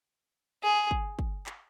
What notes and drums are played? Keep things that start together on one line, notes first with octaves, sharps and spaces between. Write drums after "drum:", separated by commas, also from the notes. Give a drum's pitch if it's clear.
G#4
drum: kick
drum: kick
drum: clap